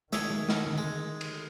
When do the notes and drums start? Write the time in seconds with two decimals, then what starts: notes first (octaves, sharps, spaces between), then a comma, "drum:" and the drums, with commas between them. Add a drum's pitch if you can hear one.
0.13 D#3 G#4 C#5 E5, drum: snare
0.31 drum: tom G#3
0.49 drum: snare
0.67 drum: tom D3
0.78 G#3
1.21 drum: cymbal